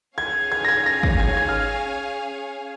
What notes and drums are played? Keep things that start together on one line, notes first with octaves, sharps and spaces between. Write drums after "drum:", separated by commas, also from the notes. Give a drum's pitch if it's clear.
C#4 G#4 C#5 F5 G#5 G#6
G#6
A#6
G#6
A#6
A#6, drum: kick
G#6
G#6
F6